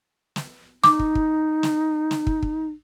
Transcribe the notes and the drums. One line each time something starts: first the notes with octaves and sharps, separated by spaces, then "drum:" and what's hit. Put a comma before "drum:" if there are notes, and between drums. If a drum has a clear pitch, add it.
drum: snare
D#4 D6, drum: snare
drum: kick
drum: kick
drum: snare
drum: snare
drum: kick
drum: kick